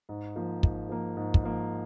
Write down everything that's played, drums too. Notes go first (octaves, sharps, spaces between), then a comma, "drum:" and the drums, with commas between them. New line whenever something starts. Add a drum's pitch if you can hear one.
G#2
F3 A#3
G#2, drum: kick
F3 A#3
G#2
drum: kick
F3 A#3